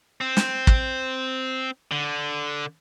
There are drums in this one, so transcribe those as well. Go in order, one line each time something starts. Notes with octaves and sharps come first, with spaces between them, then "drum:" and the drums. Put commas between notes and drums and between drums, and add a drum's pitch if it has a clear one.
C4
drum: snare
drum: kick
D3